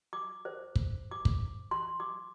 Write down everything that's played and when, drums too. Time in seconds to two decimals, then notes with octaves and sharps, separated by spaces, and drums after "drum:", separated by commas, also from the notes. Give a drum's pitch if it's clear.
0.13 D6
0.45 C5
0.76 drum: kick
1.11 D6
1.25 drum: kick
1.71 C6
2.00 D6